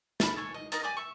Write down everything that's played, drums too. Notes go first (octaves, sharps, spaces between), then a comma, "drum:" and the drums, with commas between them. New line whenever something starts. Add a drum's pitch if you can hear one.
D5 E5 A5 B5, drum: snare
A4 C#5 G#5
D#5
D#4 A#4 D#5 A5, drum: hi-hat
G4 D5 G#5 D6
E5 C#6